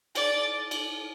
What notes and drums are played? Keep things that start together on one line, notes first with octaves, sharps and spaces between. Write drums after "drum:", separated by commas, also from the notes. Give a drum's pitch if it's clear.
D5, drum: cymbal
drum: cymbal